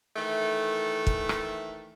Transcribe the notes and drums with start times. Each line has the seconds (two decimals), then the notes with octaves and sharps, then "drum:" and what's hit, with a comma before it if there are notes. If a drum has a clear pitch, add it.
0.16 D#3 E3 A3
1.07 drum: kick
1.29 drum: rim click